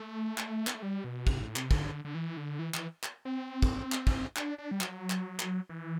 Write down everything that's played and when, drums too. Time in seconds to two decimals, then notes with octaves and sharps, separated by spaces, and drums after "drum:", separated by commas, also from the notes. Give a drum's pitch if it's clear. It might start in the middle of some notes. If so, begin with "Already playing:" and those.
Already playing: A3
0.38 drum: clap
0.67 B3, drum: clap
0.74 A3
0.82 G3
1.04 B2
1.27 C3, drum: kick
1.41 A2
1.56 C3, drum: clap
1.71 D3, drum: kick
2.05 D3
2.15 E3
2.37 D3
2.59 E3
2.74 E3, drum: clap
3.03 drum: clap
3.25 C4
3.62 drum: kick
3.92 drum: clap
4.07 drum: kick
4.36 D4, drum: clap
4.58 D4
4.71 G3
4.81 F#3, drum: clap
5.10 drum: clap
5.40 drum: clap
5.69 E3